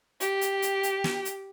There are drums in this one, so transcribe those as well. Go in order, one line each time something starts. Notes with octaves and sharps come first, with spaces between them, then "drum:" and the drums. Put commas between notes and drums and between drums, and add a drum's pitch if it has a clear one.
G4, drum: hi-hat
drum: hi-hat
drum: hi-hat
drum: hi-hat
drum: snare
drum: hi-hat